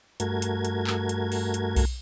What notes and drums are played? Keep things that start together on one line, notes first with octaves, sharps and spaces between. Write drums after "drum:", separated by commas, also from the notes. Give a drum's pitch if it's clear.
G2 A3 F#4 A#4 G#6, drum: hi-hat
drum: hi-hat
drum: hi-hat
drum: clap
drum: hi-hat
drum: open hi-hat
drum: hi-hat
drum: kick B1, open hi-hat